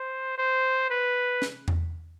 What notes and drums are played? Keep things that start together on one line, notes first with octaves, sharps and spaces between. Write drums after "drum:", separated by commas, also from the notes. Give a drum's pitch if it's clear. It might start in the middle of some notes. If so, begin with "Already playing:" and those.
Already playing: C5
C5
B4
drum: snare
drum: tom E2